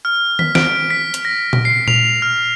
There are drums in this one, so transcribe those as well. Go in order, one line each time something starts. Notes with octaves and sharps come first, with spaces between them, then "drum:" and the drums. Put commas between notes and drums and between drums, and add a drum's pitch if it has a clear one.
F6
B6, drum: tom D#3
D7, drum: snare
B6
drum: hi-hat
A#6
drum: tom A#2
C7
F7, drum: tom A#2
F6